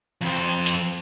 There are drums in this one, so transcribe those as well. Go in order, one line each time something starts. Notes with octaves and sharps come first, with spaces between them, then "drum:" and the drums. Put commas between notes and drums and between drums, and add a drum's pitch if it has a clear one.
F2 C4
drum: hi-hat
drum: snare